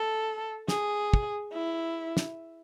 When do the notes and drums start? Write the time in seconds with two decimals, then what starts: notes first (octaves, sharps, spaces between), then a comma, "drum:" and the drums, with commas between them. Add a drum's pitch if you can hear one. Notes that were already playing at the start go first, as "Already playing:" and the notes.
Already playing: A4
0.68 G#4, drum: snare
1.14 drum: kick
1.52 E4
2.17 drum: snare